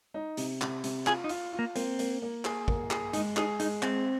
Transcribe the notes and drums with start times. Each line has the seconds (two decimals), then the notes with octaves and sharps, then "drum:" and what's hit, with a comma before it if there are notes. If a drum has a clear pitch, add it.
0.14 D#4
0.37 C3, drum: hi-hat
0.62 C3, drum: clap
0.84 C3, drum: hi-hat
1.07 F4 G#4, drum: clap
1.24 D#4
1.29 F4, drum: hi-hat
1.53 F4
1.59 A#3
1.76 A#3 C4, drum: hi-hat
1.99 A#3, drum: hi-hat
2.22 A#3
2.45 G#4, drum: clap
2.68 A#3, drum: kick
2.91 G#4, drum: clap
3.13 G#3 D#4, drum: hi-hat
3.37 D#4 G#4, drum: clap
3.60 G#3 D#4, drum: hi-hat
3.83 G#3 C4, drum: clap